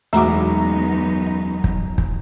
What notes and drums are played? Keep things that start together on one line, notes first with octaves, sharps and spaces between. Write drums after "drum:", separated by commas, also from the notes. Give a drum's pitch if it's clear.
E1 F#2 A3 B3 D#4 F#4 A#5 D6, drum: hi-hat
drum: kick
drum: kick